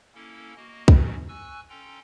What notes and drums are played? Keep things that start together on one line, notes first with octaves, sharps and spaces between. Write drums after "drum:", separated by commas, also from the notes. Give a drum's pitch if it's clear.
A#3 C#4 E4 A4
A#3 F#4 D#5
B2 D#3 F#3 A3 C4 C#4, drum: kick
G#5 C#6 E6 F#6
C#4 A4 G5 A#5 C6